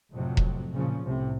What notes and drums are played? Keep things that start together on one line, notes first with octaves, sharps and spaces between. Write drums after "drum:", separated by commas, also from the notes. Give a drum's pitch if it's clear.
F2 A2 C3 F#3
drum: kick E1
A#2 C#3 F3 C#4
C2 A2 C3